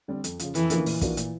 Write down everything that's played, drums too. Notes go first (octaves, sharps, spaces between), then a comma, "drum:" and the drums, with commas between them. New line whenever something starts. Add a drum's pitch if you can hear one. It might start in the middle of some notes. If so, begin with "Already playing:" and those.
D3 G3 C4
F2, drum: hi-hat
C#3 F3, drum: hi-hat
F2 E3, drum: hi-hat
D3 F3 A#3 C#4, drum: hi-hat
A#2, drum: open hi-hat
F3 A#3 D4 F#4, drum: kick, hi-hat
A#2, drum: hi-hat